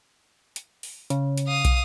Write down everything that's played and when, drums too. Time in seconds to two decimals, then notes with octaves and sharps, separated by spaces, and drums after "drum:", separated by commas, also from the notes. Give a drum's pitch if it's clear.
0.56 drum: hi-hat
0.83 drum: open hi-hat
1.10 C#3, drum: hi-hat
1.37 drum: hi-hat
1.47 F5 D#6
1.65 drum: kick, hi-hat